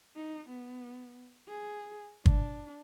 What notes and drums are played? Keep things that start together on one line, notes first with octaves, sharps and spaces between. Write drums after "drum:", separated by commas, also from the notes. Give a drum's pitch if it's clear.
D#4
B3
G#4
D4, drum: kick G1